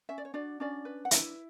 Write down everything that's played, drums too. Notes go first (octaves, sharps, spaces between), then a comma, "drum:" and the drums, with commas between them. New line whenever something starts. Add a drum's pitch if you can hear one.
C#4 E5
D5
C#5
D4 F#4 D5
C#4 D4 D5
B4
F#5
D4 E4 E5, drum: hi-hat